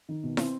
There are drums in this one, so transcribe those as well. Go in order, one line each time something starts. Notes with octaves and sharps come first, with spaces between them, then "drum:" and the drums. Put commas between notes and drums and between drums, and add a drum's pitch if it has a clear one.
D#3
B2
C4, drum: snare